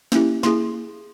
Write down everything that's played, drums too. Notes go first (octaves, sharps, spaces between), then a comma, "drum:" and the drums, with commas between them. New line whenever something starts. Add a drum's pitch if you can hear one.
A#3 C#4 E4 G4, drum: snare
A#3 E4 G#4 C6, drum: snare